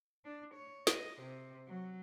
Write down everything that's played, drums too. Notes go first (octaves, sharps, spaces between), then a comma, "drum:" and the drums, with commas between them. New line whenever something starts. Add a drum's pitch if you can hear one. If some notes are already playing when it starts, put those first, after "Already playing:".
D4
C#5
D#5, drum: snare
C3
F#3